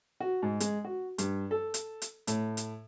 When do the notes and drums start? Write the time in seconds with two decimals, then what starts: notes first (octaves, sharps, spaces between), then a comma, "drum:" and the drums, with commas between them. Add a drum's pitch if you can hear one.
0.21 F#4
0.43 G#2
0.60 G#3, drum: hi-hat
0.85 F#4
1.18 G2, drum: hi-hat
1.51 A4
1.74 drum: hi-hat
2.02 drum: hi-hat
2.27 A2, drum: hi-hat
2.57 drum: hi-hat